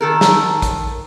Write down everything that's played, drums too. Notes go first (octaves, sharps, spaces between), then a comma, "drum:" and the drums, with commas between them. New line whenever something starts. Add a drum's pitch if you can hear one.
D#3 A4 A#4
drum: snare
drum: kick, hi-hat